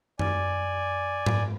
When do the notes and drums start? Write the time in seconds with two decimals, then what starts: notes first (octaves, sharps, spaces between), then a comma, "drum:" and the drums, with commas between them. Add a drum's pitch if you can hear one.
0.19 D5 G#5, drum: tom F#2
1.26 drum: tom G#2